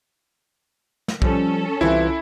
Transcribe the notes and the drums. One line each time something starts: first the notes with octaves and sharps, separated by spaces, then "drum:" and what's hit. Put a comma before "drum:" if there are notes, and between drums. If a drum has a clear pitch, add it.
drum: snare
F3 G3 C#4 A4, drum: kick
C2 C3 E3 E4 F4